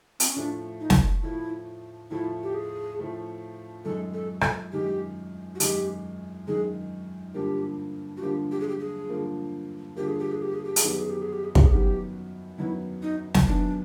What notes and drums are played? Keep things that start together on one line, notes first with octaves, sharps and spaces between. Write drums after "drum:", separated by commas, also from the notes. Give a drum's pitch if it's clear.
C4, drum: hi-hat
C#4
A2 F3 A3 D4
D#4
drum: snare
A2 F3 A3 E4
A2 F3 A3 E4
G4
G#4
A2 F3 A3
F#2 D#3 G#3 A4
A4
A4, drum: rim click
F#2 D#3 G#3 G4
F#4
F#2 D#3 G#3 G4, drum: hi-hat
F#2 D#3 G#3 G#4
G2 D3 F3 A#3 G4
F#4
G2 D3 F3 A#3 G4
G4
G#4
G4
G#4
G2 D3 F3 A#3
G2 D3 F3 A#3 G4
G#4
G4
G#4
G4
G#4
G4
G#4, drum: hi-hat
F#2 D#3 F#3 B3 G4
G#4
G4
G#4
G4
G#4
G4, drum: kick
G#4
F#2 D#3 F#3 B3 G4
F#2 D#3 F#3 B3 E4
D#4
drum: snare
F#2 D#3 F#3 B3 D4